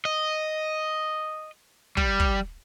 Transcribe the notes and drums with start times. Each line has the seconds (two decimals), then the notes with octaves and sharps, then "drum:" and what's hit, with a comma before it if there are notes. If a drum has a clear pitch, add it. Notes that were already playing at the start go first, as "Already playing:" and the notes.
0.05 D#5
1.97 G3, drum: kick
2.20 drum: kick